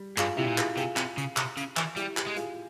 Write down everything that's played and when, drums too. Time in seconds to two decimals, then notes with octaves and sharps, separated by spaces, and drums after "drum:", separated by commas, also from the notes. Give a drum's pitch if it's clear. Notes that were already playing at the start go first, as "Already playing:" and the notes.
Already playing: G3
0.18 G2 F4 G#4, drum: clap
0.37 C3 E4 G4
0.48 A#2
0.58 F4 G#4, drum: clap
0.77 C3 F4 G#4, drum: hi-hat
0.97 C3, drum: clap
1.18 C#3, drum: hi-hat
1.37 C3, drum: clap
1.57 C#3, drum: hi-hat
1.77 E3, drum: clap
1.96 G3 E4 G4, drum: hi-hat
2.17 E4 G4, drum: clap
2.27 G#3
2.36 F4 G#4, drum: hi-hat